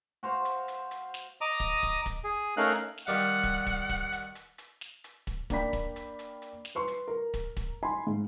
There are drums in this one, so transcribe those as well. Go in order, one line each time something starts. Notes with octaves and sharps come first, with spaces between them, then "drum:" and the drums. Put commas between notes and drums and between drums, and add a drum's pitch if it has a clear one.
F#4 C5 F5
drum: hi-hat
drum: hi-hat
drum: hi-hat
drum: snare
D#5 A#5 D6 D#6
drum: kick, hi-hat
drum: kick, hi-hat
drum: kick, hi-hat
G#4
A3 C#4 D#4 A#4 F5 F#6
drum: hi-hat
drum: snare
D#3 G3 F5 F#5
drum: hi-hat
drum: kick, hi-hat
drum: kick, hi-hat
drum: kick, hi-hat
drum: hi-hat
drum: hi-hat
drum: hi-hat
drum: snare
drum: hi-hat
drum: kick, hi-hat
A#3 D4 D5 G5 B5 B6, drum: kick, hi-hat
drum: kick, hi-hat
drum: hi-hat
drum: hi-hat
drum: hi-hat
drum: snare
B4 C6 C#6
drum: hi-hat
A#4
drum: kick, hi-hat
drum: kick, hi-hat
G#5 B5 C6
G#2